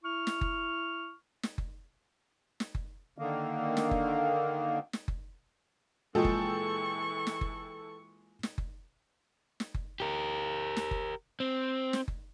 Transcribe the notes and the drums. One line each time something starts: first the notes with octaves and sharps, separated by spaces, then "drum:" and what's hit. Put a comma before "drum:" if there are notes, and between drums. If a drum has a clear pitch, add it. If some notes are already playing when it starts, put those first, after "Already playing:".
E4 C#6 F6
drum: snare
drum: kick F#1
drum: snare
drum: kick F#1
drum: snare
drum: kick F#1
D3 D#3 A#3
drum: snare
drum: kick F#1
drum: snare
drum: kick F#1
A#2 E3 G#3 G#4 A4 G5 C#6
drum: kick F#1
drum: snare
drum: kick F#1
drum: snare
drum: kick F#1
drum: snare
drum: kick F#1
G4 A#4
drum: snare
drum: kick F#1
C4
drum: snare
drum: kick F#1